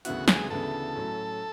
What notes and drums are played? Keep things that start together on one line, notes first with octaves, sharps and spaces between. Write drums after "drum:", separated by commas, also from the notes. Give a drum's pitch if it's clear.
D2 C#3 E3 B3 E4 F#4, drum: hi-hat
G#4, drum: snare
D2 C#3 E3 B3 E4 A4
A2 F#3 C#4